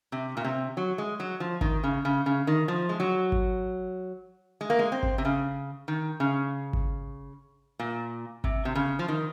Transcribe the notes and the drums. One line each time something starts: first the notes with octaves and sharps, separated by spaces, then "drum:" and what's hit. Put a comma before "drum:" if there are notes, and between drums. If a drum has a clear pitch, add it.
C3
A#2
C3
F#3
G#3
F#3
F3
D#3, drum: kick G#1
C#3
C#3
C#3
D#3
F3
G#3
F#3
drum: kick G#1
G#3
A#3
G#3
C4
drum: kick G#1
C3
C#3
D#3
C#3
drum: kick G#1
A#2
C3, drum: kick G#1
C3
C#3
F3
D#3